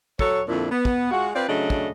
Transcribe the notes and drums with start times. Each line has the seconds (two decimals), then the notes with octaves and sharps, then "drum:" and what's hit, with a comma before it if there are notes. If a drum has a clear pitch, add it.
0.19 F#3 A4 C#5, drum: kick
0.48 F2 A#2 D3 D4 E4
0.71 B3
0.85 drum: kick
1.11 G#3 F4 F#4
1.35 C4 F4 B4 D5
1.49 C#3 F#3 A3 D4 D#5
1.70 drum: kick